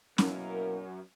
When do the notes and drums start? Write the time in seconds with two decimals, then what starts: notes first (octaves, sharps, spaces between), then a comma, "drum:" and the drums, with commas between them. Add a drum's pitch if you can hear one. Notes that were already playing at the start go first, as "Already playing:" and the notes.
0.18 F#2 B2 A#3 E4 A#4, drum: snare